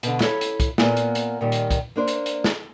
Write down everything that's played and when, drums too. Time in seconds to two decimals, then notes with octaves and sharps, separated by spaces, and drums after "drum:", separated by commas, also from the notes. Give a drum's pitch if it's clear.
0.03 B2 D3, drum: hi-hat
0.21 E4 A4 C#5 F5, drum: snare
0.41 drum: hi-hat
0.60 drum: kick, hi-hat
0.78 A#2 A#3 B3 G#5, drum: snare
0.97 drum: hi-hat
1.15 drum: hi-hat
1.41 A#2 D#3 G3
1.52 drum: hi-hat
1.71 drum: kick, hi-hat
1.96 A#3 D4 C5
2.07 drum: hi-hat
2.26 drum: hi-hat
2.44 drum: snare